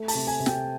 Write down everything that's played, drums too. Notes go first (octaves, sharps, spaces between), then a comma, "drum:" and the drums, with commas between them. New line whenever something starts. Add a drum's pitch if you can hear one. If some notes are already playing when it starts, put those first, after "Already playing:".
Already playing: A3
A5, drum: open hi-hat
C3
G#5
C3
G5, drum: snare